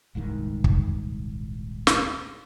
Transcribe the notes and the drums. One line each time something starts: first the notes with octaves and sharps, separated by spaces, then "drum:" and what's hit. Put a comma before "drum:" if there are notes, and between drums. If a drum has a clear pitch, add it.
D#1 C2 G#2 D#3
drum: kick
drum: snare